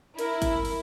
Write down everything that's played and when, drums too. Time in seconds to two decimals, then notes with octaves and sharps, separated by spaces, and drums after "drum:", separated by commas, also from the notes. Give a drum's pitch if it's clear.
0.19 E4 A#4, drum: hi-hat
0.42 drum: kick, hi-hat
0.65 drum: open hi-hat